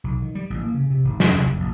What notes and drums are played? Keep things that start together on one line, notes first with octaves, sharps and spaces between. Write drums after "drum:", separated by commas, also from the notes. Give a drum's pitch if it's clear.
B1
D#3
G3
A1
A#3
C#3
C3
G#1
F#2, drum: snare
C2
F#1
A#1